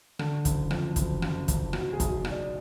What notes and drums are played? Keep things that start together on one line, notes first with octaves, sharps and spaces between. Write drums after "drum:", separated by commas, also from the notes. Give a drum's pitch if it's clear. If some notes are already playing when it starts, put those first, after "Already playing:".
D3, drum: rim click
F#1, drum: kick, hi-hat
F2, drum: rim click
F#1, drum: kick, hi-hat
F#1, drum: rim click
F#1, drum: kick, hi-hat
B1 F#4, drum: rim click
G#4
B1, drum: kick, hi-hat
G#4
B1, drum: rim click
D5